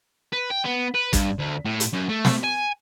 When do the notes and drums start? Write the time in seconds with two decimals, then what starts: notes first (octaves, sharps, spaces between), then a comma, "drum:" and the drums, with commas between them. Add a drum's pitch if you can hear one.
0.32 B4
0.50 G5
0.65 B3
0.94 B4
1.13 G2, drum: kick, hi-hat
1.39 D2
1.65 A2
1.80 drum: hi-hat
1.93 F#2
2.09 A3
2.25 drum: snare
2.44 G#5